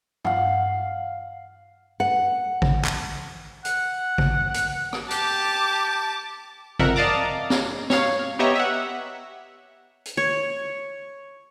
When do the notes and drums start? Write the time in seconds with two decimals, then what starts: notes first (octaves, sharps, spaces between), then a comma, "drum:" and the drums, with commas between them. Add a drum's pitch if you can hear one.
0.25 F5 F#5, drum: tom G2
2.00 F#5
2.62 drum: kick
2.85 drum: clap
3.65 F#5, drum: hi-hat
4.18 drum: kick
4.54 drum: hi-hat
4.93 drum: rim click
5.11 G4 A5 D6, drum: hi-hat
6.79 F2 A#4 E5 F#5, drum: kick
6.96 D5 D#5 F5 A5 A#5 D6
7.50 drum: snare
7.90 C#5 F5, drum: snare
8.39 B3 G4 C#5 D#5 E5 A#5
8.55 E5 F#5
10.05 drum: hi-hat
10.17 C#5